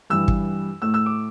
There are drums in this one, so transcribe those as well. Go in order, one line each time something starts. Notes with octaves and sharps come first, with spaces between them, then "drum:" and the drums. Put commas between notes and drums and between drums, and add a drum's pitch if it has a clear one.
G2 E3 G3 E6
drum: kick
A2 A3 E6
E6
D6